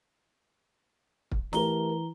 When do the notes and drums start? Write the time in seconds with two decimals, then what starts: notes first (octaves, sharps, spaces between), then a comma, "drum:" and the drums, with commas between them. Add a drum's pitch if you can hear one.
1.31 drum: kick
1.53 E3 A3 G4 A#4 A#5 G7, drum: snare